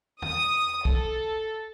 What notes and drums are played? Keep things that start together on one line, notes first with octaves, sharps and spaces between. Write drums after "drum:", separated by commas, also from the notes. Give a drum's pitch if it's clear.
D#6, drum: tom E2
A4, drum: kick